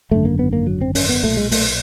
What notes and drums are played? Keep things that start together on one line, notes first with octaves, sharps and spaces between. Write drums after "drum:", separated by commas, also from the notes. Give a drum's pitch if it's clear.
G#1 F#2 D3 A3
A#3
B3
A#3
F#3
C4
C#4, drum: open hi-hat
B3
B1 A#2 A3
G#3
A3, drum: open hi-hat